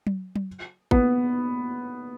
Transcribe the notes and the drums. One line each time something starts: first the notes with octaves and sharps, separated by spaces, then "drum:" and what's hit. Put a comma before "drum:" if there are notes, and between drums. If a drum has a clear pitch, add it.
drum: tom F#3
drum: tom F#3
B3, drum: kick G#1